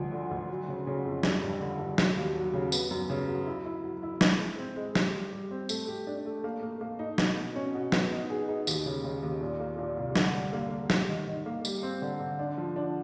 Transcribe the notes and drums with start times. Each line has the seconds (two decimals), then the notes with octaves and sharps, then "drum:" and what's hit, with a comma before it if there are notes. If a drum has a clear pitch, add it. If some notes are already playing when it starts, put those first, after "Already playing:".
Already playing: D2 F3 G3
0.12 D3
0.31 D2
0.49 F#3
0.68 C#3
0.87 C#3
1.05 F2
1.23 G2, drum: snare
1.42 G2
1.61 D3
1.79 G2
1.98 F#3, drum: snare
2.17 D#2
2.35 F#3
2.54 C#3
2.72 B3, drum: tambourine
2.91 F#2
3.10 C#3
3.29 F#3
3.47 E4
3.65 E4
3.84 F#3
4.03 E4
4.21 G#3, drum: snare
4.39 G#3
4.58 C4
4.76 G#3
4.95 G3, drum: snare
5.14 G3
5.33 G3
5.51 C4
5.69 A3, drum: tambourine
5.88 G4
6.07 D4
6.26 A3
6.44 A#3
6.63 A#3
6.81 A#3
6.99 D#4
7.18 B2, drum: snare
7.37 B2
7.56 C#4
7.75 B2
7.92 B3, drum: snare
8.11 D#4
8.30 G#4
8.48 D#4
8.67 D#2, drum: tambourine
8.86 C#3
9.04 C#3
9.23 D#2
9.41 A#2
9.60 A#3
9.79 A#2
9.97 C2
10.16 D3, drum: snare
10.35 G3
10.53 A#3
10.72 A#3
10.90 G3, drum: snare
11.08 D#3
11.28 D#3
11.46 A#3
11.65 G3, drum: tambourine
11.83 C4
12.02 D3
12.20 D3
12.39 D4
12.57 F3
12.76 D4